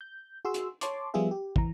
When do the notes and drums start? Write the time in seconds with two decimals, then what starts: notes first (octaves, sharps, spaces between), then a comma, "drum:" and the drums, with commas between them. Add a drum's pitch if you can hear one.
0.01 G6
0.45 F#4 G#4 C6 E6
0.54 drum: hi-hat
0.81 C#5 A5 C6 D6, drum: hi-hat
1.14 F3 G3 B3 F4 G#4 E5
1.31 G4
1.56 E3 A#5, drum: kick